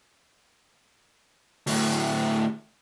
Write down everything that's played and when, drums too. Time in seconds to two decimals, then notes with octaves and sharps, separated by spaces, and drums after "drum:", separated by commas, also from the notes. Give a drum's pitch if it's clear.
1.67 D2 A2, drum: open hi-hat